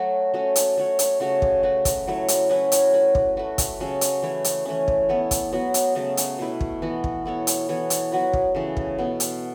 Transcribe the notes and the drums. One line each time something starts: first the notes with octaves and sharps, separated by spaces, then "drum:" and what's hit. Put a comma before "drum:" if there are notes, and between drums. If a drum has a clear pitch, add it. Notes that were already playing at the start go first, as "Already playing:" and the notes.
Already playing: F#3 A3 F#4 A4 C#5
A3 C#4 F#4 A4
drum: hi-hat
A3 F#4 C#5
drum: hi-hat
C#3 A3 F#4 C#5
drum: kick
A3 F#4 B4
drum: kick, hi-hat
F#3 A3 E4 C#5
drum: hi-hat
F#3 C#4 E4 B4
drum: hi-hat
A3 F#4 B4
drum: kick
A3 F#4 B4
drum: kick, hi-hat
C#3 F#3 C#4 A4
drum: hi-hat
E3 A3 E4 C#5
drum: hi-hat
E3 A3 C#4
drum: kick
B3 E4 A4 C#5
drum: kick, hi-hat
F#3 B3 F#4
drum: hi-hat
C#3 F#3 A3
drum: hi-hat
B2 A3 E4 B4
drum: kick
E3 B3 F#4
drum: kick
B3 E4 A4 C#5
drum: hi-hat
E3 B3 A4 C#5
drum: hi-hat
F#3 B3 F#4 B4
drum: kick
C#3 E3 A3
drum: kick
B2 B3 A4
drum: hi-hat